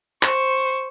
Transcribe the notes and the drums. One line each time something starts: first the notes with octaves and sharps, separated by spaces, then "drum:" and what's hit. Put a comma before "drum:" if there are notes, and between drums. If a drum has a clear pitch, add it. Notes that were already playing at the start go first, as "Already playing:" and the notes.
C5 C#6, drum: clap